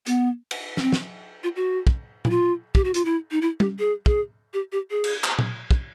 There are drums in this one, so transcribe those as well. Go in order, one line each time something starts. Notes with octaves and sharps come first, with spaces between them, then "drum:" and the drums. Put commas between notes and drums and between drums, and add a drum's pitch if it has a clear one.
B3, drum: hi-hat
drum: cymbal
C#4, drum: snare
C4
drum: snare
F4
F#4
drum: kick
E4, drum: tom A#2
F4
G4, drum: kick
F#4
F4, drum: hi-hat
E4
D#4
E4
G4, drum: tom
G#4
G#4, drum: kick
G4
G4
G#4
drum: cymbal
drum: clap
drum: tom A#2
drum: kick